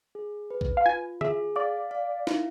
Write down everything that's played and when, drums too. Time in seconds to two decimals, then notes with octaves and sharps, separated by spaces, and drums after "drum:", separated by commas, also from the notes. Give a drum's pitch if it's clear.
0.15 G#4
0.51 B4
0.61 drum: kick A#1
0.77 F5
0.86 F4 G#5
1.21 G#4 E5, drum: tom D3
1.56 D5 F5
1.91 F5
2.27 E4, drum: snare D#4